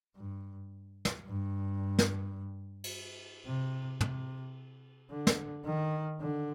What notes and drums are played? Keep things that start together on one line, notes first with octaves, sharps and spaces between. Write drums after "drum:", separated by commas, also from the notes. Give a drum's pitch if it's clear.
G2
drum: snare
G2
drum: snare
drum: cymbal
C3
C3, drum: tom
D3
drum: snare
D#3
D3